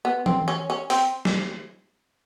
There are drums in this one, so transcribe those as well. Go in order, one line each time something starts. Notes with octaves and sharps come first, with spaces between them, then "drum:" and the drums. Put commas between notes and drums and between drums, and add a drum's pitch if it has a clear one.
B3
C4, drum: tom E3
C#4
C#4
C4, drum: open hi-hat
drum: snare